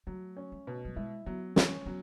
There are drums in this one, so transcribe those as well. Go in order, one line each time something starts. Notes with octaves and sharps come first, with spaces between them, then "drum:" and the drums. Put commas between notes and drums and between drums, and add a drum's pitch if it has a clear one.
F#3 A3
C#4
A3
B2
F#3
G#3 E4
F#3 B3
A3 C#4, drum: snare
F#3 B3